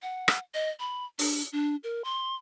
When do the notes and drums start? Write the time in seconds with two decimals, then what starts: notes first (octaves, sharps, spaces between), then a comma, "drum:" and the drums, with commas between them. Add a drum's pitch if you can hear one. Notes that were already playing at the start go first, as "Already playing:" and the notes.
0.03 F#5
0.28 drum: rim click
0.54 D#5
0.80 B5
1.19 D4, drum: open hi-hat
1.52 D4
1.84 A#4
2.04 C6